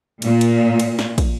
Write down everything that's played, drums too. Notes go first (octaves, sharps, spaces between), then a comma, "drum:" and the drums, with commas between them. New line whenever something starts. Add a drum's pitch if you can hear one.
A#2, drum: cymbal
drum: cymbal
drum: cymbal
drum: snare
drum: kick, cymbal